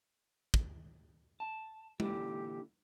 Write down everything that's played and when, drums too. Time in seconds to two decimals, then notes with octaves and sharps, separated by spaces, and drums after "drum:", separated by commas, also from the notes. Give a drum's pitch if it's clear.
0.54 drum: kick
1.40 A5
2.00 A#2 D3 E3 G4, drum: tom G#3